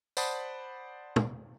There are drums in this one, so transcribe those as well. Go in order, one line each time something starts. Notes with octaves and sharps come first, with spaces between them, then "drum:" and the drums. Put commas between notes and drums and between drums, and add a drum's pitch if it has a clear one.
C5 D5 F#5 A5 B5 D#6, drum: tambourine
drum: tom